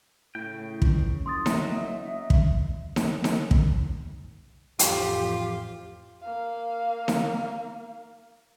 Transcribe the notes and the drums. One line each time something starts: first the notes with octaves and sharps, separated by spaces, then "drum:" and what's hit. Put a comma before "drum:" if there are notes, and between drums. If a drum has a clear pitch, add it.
A2 C#3 G5
C#2, drum: kick
F#1 C6 D#6 A6
F#3 D#4 E5, drum: snare D#4
drum: kick
drum: snare D#4
drum: snare D#4
drum: kick
A1 F2 F3 F4 G4, drum: hi-hat
A#3 F5
drum: snare D#4